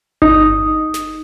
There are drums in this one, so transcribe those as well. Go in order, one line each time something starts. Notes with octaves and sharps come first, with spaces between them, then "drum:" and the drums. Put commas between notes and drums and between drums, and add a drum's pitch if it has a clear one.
D#4, drum: kick G1
drum: snare